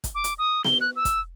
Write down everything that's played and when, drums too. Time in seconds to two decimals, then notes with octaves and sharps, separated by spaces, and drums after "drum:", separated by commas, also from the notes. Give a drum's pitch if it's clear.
0.04 drum: kick, hi-hat
0.15 D6
0.24 drum: hi-hat
0.38 D#6
0.65 G7, drum: snare B3
0.81 F#6
0.96 E6
1.05 drum: kick, hi-hat